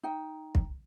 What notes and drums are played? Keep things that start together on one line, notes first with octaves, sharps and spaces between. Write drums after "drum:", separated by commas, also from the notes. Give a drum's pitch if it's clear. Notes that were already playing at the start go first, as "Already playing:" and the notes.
D#4 G5
drum: kick